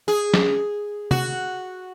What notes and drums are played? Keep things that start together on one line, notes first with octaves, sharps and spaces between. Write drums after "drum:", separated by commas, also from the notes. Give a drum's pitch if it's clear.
G#4
drum: snare
F#4, drum: tom C3